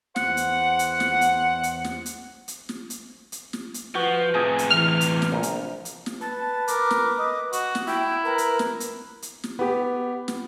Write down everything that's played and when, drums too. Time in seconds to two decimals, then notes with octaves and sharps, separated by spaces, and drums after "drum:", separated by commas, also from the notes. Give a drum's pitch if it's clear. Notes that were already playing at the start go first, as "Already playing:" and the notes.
0.16 E2 C5 F#5, drum: snare
0.37 drum: hi-hat
0.79 drum: hi-hat
1.00 drum: snare
1.21 drum: hi-hat
1.63 drum: hi-hat
1.84 drum: snare
2.06 drum: hi-hat
2.48 drum: hi-hat
2.69 drum: snare
2.90 drum: hi-hat
3.32 drum: hi-hat
3.53 drum: snare
3.74 drum: hi-hat
3.95 F3 F#4 B4
4.34 A2 C3 G#4
4.59 drum: hi-hat
4.70 E3 F6
5.01 drum: hi-hat
5.22 drum: snare
5.32 A#1 A#5
5.43 drum: hi-hat
5.85 drum: hi-hat
6.06 drum: snare
6.21 B4 A5
6.68 A#4 D6, drum: hi-hat
6.91 drum: snare
7.19 D#5
7.53 F#4, drum: hi-hat
7.75 drum: snare
7.87 E4 G5
8.25 A#4 B4
8.38 drum: hi-hat
8.59 drum: snare
8.80 drum: hi-hat
9.22 drum: hi-hat
9.44 drum: snare
9.59 B3 G4
10.28 drum: snare